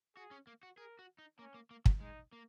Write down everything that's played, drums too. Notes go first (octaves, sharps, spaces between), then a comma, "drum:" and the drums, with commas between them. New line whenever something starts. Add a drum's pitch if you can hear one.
F#4 G#4
C#4
A#3
F#4
G#4 A#4
F#4
D#4
A#3 C#4
A#3
A#3
F#3, drum: kick
G#3 D#4
A#3